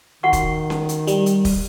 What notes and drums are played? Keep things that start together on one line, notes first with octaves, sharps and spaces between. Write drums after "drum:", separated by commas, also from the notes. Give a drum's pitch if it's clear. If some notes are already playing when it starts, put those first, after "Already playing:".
D#3 F#4 F#5 C#6
drum: kick, hi-hat
drum: snare C#4
drum: hi-hat
G3, drum: hi-hat
drum: hi-hat
drum: kick, open hi-hat